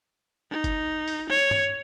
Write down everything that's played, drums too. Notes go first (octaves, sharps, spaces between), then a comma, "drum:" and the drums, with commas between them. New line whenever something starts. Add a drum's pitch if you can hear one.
D#4
drum: kick F#1, hi-hat
drum: open hi-hat
C#5
drum: tom G2